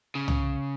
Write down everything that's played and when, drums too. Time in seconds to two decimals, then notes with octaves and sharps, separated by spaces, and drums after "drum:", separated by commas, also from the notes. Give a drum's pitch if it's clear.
0.15 C#3
0.28 drum: tom